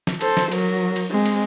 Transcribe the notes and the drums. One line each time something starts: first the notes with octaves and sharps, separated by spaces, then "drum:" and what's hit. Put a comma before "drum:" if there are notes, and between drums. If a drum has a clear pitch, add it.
drum: snare
A4 C5, drum: cymbal
drum: snare
F#3 A#4, drum: cymbal
drum: cymbal
G#3 C4
drum: cymbal